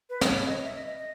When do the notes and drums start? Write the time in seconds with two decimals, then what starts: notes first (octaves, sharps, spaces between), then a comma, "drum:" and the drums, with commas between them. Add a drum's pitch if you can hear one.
0.10 B4
0.21 D#5, drum: snare
0.27 C#5
0.45 D#5
0.63 E5
0.75 D#5
0.86 D#5
0.98 D#5